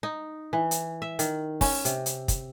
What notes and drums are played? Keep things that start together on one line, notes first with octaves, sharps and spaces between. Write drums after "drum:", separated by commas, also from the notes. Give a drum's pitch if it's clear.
D#4
E3
drum: hi-hat
E5
D#3, drum: hi-hat
C#4, drum: kick, open hi-hat
C3, drum: hi-hat
drum: hi-hat
drum: kick, hi-hat